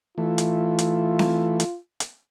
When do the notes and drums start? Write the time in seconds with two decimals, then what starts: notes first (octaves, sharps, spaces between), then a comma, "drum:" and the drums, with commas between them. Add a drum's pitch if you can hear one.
0.18 E3 A3 F4
0.38 drum: hi-hat
0.79 drum: hi-hat
1.19 drum: snare C4
1.60 drum: hi-hat
2.00 drum: hi-hat